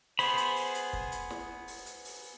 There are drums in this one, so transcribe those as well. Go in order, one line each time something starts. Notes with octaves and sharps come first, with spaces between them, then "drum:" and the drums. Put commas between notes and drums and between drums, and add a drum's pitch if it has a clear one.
B3 G#4 C5 B5, drum: open hi-hat
drum: hi-hat
drum: open hi-hat
drum: hi-hat
drum: kick
drum: hi-hat
drum: snare
drum: open hi-hat
drum: hi-hat
drum: open hi-hat